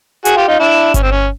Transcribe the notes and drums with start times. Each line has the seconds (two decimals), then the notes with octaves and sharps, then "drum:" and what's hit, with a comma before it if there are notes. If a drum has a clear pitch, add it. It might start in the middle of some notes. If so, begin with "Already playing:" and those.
0.25 F#4 G#4, drum: hi-hat
0.37 F4 G4
0.48 D#4 F4
0.60 D4 E4
0.94 C#4, drum: kick G1, hi-hat
1.03 C4
1.11 C#4